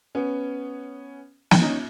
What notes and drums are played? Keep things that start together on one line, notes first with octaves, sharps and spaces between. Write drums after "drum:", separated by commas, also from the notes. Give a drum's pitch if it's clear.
B3 C#4
drum: snare
C#4 D#4